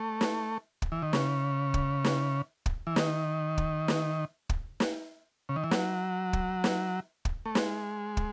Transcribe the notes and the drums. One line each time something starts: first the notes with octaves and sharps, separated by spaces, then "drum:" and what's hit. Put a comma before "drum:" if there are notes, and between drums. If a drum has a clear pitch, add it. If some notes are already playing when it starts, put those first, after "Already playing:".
Already playing: A3
drum: snare
drum: kick
E3
D#3
C#3, drum: snare
drum: kick
drum: snare
drum: kick
E3
D#3, drum: snare
drum: kick
drum: snare
drum: kick
drum: snare
C#3
D#3
E3
F#3, drum: snare
drum: kick
drum: snare
drum: kick
A3
G#3, drum: snare
drum: kick